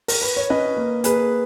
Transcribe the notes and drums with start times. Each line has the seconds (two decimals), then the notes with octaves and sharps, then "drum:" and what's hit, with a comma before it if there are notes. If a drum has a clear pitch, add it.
0.08 A#4, drum: open hi-hat
0.22 B4
0.37 C#5
0.50 C#4 B4 D#5
0.77 A#3
1.04 A#3 G#4 B4, drum: hi-hat